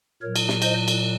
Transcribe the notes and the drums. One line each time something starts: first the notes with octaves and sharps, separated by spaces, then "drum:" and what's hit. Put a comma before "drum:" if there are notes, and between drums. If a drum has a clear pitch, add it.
A#2 F#3 A#4 C#5
drum: cymbal
drum: snare
C5 D#5, drum: cymbal
drum: cymbal